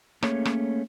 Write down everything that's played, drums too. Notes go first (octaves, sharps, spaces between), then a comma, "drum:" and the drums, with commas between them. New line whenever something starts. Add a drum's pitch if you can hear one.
A3 A#3 C#4 G#4 C#5, drum: rim click
drum: rim click